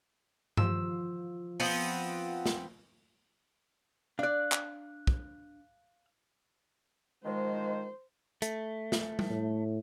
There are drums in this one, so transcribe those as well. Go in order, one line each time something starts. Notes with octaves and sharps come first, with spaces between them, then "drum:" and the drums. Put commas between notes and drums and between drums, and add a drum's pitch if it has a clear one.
F3 E6, drum: tom G2
F3 B3 C4 D#6 G6 C#7, drum: open hi-hat
drum: snare
D4 D5 F5 F#6
drum: clap
drum: kick
D#3 F3 G#3 C5
A3, drum: hi-hat
drum: snare
drum: tom G3
A2